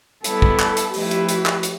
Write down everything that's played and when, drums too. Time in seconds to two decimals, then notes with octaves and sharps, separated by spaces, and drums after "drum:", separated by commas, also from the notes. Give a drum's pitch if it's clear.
0.24 G3 B3 E4 A4, drum: hi-hat
0.42 drum: kick
0.60 drum: clap
0.77 drum: hi-hat
0.94 F3 A3 E4 G4 B4, drum: open hi-hat
1.11 drum: hi-hat
1.29 drum: hi-hat
1.46 drum: clap
1.63 drum: hi-hat